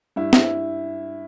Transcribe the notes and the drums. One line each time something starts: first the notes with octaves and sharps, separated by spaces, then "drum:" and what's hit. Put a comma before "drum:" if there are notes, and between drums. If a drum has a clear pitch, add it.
G2 E4
G2 E4, drum: snare